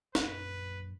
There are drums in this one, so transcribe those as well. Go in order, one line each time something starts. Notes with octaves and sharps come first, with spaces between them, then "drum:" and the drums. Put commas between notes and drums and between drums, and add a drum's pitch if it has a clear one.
A#1 F#2 B4, drum: snare